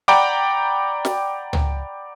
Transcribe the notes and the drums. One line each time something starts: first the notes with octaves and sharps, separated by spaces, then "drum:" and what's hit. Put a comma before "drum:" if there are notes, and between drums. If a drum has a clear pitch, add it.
D5 F#5 G5 A#5 B5 D6
drum: snare
drum: tom